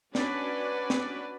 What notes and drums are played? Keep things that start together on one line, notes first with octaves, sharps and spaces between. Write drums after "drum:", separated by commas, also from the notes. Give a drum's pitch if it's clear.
C#4 D4 F#4 B4 D5, drum: snare
drum: snare